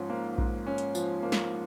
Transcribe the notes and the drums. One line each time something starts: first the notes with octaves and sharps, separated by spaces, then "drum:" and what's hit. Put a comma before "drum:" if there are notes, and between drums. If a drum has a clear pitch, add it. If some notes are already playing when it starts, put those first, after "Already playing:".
Already playing: G#2 F3 C#4
A#3
G#2, drum: kick A#1
C#4
drum: hi-hat
F3, drum: tambourine
A#3
drum: snare